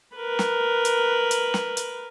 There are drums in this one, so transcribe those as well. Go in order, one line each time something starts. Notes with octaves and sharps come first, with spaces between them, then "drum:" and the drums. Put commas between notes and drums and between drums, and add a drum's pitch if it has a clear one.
A#4 B4
drum: snare
drum: hi-hat
drum: hi-hat
drum: snare
drum: hi-hat